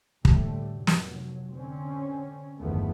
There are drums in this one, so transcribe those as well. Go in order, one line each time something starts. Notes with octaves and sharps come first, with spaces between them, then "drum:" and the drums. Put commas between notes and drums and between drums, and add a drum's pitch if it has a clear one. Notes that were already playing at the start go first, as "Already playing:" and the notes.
A2 D3 G3 A3, drum: kick
F1 F#3
drum: snare
D3 C4 C#4
G1 E2 D#3 F3 A3 B3